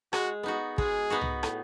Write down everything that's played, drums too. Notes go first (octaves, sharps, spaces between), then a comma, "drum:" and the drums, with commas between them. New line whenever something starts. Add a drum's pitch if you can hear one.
G#3 F#4, drum: rim click
B3 D#4 F#4
G#3 G#4, drum: kick
B3 D#4 F#4
drum: tom
A2, drum: rim click